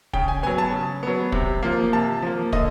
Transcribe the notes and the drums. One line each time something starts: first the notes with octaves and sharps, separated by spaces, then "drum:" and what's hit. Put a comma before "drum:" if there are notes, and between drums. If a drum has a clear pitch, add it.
C#3 G5, drum: kick
G#5
F#3 B3 G#5
A5
C#3
F#3 B3
C3, drum: kick
F3 A#3
C3 A5
F3 A#3
D3 D#5, drum: kick